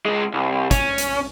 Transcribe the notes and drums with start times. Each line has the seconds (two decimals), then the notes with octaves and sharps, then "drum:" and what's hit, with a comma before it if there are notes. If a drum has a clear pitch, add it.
0.06 C#2 G#3
0.34 C2
0.71 C#4, drum: kick, hi-hat
0.98 drum: hi-hat